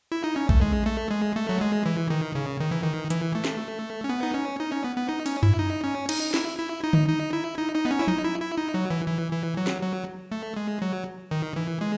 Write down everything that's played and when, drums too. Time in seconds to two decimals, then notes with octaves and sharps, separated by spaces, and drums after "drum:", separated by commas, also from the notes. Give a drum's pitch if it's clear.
0.12 E4
0.24 D#4
0.36 C#4
0.49 A3, drum: kick A#1
0.61 G#3
0.86 A3
1.11 G#3
1.36 A3
1.49 F#3
1.61 G#3
1.86 E3
2.10 D#3
2.35 C#3
2.60 D#3
2.71 E3
2.83 D#3
3.10 E3, drum: hi-hat
3.35 A3
3.44 drum: snare
4.04 C#4
4.09 B3
4.23 D#4
4.34 C#4
4.60 D#4
4.72 C#4
4.84 B3
4.97 B3
5.09 D#4
5.26 C#4, drum: cymbal
5.43 E4, drum: tom F#2
5.59 D#4
5.84 C#4
6.09 D#4, drum: cymbal
6.34 E4, drum: snare
6.58 E4
6.84 D#4
6.93 drum: tom D3
7.08 D#4
7.33 E4
7.58 D#4
7.75 D#4
7.85 B3
7.91 C#4
7.99 E4
8.08 D#4, drum: tom F3
8.24 E4
8.41 E4
8.58 D#4
8.74 F#3
8.90 E3
9.07 E3
9.32 E3
9.57 F#3
9.67 drum: snare
9.82 F#3
10.32 A3
10.56 G#3
10.82 F#3
11.31 D#3
11.56 E3
11.81 G#3